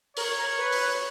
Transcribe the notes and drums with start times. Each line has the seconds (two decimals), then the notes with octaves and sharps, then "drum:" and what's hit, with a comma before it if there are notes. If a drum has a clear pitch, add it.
0.17 A#4 C#5, drum: open hi-hat
0.39 A#4
0.59 B4
0.72 drum: open hi-hat